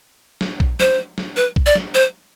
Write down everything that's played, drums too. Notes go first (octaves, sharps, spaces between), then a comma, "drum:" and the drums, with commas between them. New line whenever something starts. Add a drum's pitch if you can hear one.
drum: snare
drum: kick A#1
C5, drum: snare
drum: snare
B4
drum: kick A#1
D5
drum: snare
C5